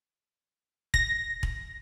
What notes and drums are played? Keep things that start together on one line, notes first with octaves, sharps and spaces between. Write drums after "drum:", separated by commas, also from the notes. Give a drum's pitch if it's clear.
A#6, drum: kick E1
drum: kick E1